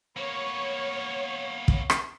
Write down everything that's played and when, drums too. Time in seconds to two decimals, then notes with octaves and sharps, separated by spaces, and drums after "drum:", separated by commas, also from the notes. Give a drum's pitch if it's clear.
0.17 A#3 B3 C#5
1.68 drum: kick
1.90 drum: rim click